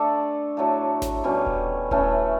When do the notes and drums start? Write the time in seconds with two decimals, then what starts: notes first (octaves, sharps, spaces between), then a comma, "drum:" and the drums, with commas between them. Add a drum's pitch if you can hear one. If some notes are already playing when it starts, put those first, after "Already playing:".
Already playing: A3 D4 A4 D5
0.57 A2 F#3 A3
1.02 drum: snare G#1
1.24 B2 G3 C#4
1.46 drum: kick D#1
1.91 E3 A3 C#4, drum: kick D#1